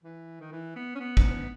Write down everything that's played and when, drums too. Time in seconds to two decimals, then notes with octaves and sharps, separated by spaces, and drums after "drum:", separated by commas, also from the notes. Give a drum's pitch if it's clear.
0.04 E3
0.41 D#3
0.52 E3
0.76 B3
0.95 C#4
1.00 B3
1.17 drum: kick